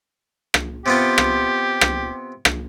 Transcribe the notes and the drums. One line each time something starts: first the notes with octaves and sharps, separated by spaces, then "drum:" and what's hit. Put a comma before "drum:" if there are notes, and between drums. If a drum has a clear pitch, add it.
drum: rim click
C3 B3 F4 G4
drum: rim click
drum: rim click
drum: rim click